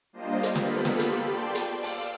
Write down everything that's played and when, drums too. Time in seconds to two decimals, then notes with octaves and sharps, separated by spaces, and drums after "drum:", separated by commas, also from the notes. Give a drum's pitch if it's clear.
0.13 G3 A#3 D4 F4 C5 D#5
0.43 drum: hi-hat
0.55 A#3 B3 F4 G4 A4 B5, drum: snare
0.85 drum: snare
0.99 drum: hi-hat
1.20 D5 G5 A5 C6
1.55 drum: hi-hat
1.83 F5 D6 E6, drum: open hi-hat